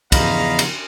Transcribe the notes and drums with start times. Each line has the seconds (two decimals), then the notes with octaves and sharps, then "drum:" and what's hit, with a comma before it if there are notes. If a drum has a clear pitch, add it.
0.12 E2 C#3 F3 D#5 F5 A#5 B5, drum: kick, cymbal
0.59 drum: cymbal